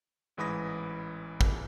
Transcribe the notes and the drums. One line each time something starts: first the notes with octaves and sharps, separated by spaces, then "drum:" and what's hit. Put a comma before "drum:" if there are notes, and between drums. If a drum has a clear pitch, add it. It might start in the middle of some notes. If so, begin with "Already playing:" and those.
A1 G#2 E3 B5 D#6 A#6
drum: kick